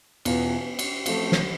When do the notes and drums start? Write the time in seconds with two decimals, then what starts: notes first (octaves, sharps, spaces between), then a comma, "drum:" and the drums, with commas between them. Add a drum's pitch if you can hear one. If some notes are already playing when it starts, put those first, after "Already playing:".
0.25 E2 B2 B3 F4, drum: cymbal
0.79 drum: cymbal
1.06 F3 A3 C4 F4, drum: cymbal
1.32 drum: snare